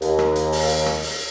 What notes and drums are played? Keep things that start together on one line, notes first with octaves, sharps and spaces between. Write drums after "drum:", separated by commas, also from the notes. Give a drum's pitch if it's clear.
D#2, drum: hi-hat
drum: rim click
drum: hi-hat
drum: open hi-hat
drum: hi-hat
drum: rim click
drum: open hi-hat